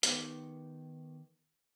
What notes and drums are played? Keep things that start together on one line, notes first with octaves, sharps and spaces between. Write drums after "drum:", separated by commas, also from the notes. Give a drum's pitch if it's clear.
D#3 B3 G4, drum: hi-hat